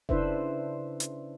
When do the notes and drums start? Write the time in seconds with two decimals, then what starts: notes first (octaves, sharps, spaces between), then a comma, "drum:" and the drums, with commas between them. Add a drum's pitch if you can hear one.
0.09 C#3 D4 E4 B4 C5 E5, drum: kick F1
1.00 drum: hi-hat